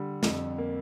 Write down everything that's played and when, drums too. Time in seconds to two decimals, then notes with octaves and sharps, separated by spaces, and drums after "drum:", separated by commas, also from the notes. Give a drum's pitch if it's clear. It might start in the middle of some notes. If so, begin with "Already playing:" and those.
Already playing: D3 G3
0.23 F2, drum: snare
0.58 A#3